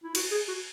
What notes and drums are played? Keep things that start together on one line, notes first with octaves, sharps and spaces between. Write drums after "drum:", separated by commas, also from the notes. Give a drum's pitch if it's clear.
E4
F#4, drum: cymbal
G#4
F#4